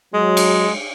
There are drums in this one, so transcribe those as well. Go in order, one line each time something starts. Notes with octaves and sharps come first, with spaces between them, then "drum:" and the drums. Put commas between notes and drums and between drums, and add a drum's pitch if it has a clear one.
F#3 G#3
drum: cymbal